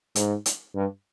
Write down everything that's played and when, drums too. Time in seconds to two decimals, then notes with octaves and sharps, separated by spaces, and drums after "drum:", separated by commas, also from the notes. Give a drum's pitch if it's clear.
0.15 G#2, drum: hi-hat
0.46 drum: hi-hat
0.75 G2